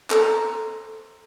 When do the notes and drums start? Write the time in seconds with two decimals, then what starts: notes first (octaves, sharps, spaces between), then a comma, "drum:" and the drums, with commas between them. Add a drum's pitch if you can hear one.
0.10 A4 C5 A#5, drum: clap